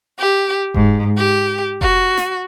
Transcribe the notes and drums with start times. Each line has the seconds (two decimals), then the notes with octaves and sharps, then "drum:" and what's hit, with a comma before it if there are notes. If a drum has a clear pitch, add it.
0.18 G4
0.74 G#2, drum: kick F1
1.16 G4
1.81 F#4, drum: kick F1
2.17 drum: snare